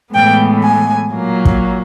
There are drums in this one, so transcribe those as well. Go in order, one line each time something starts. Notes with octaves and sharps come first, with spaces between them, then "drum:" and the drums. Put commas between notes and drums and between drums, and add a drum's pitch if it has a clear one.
A2 E3 G#3 B3 G5
G#5
A#2 F#3 A#3
drum: kick